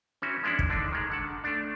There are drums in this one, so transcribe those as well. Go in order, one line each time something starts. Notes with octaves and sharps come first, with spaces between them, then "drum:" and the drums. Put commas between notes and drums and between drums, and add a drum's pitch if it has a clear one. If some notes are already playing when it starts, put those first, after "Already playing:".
E3 C4 C#4 F#4 E5
F3 G#3 D4 E4 F#5
drum: kick
D3 D4 D#4
D#3 G#3
D3 F#5 A5
A3 D4